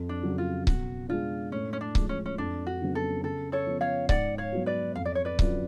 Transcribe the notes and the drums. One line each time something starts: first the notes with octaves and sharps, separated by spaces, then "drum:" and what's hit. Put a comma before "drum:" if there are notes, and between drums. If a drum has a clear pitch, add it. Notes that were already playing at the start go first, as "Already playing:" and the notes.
Already playing: F2
D4
C#3 F#3
F4
B2 F#4, drum: kick C#1
G#3 D4 F4
A2 C#4
C#4
D4
F3 G#3, drum: kick C#1
C#4
C#4
F2 D4
F#4
C#3 F#3 B3 D4
A4
C#3 A4
A4 C#5
F3 B3
C#5 F5
G#2 D5 F#5, drum: kick C#1
C#5 F5
F#3 B3 F#4
B4 D5
F2 F5
D5
C#5
B4 D5
D3 F#3 C#4 F4, drum: kick C#1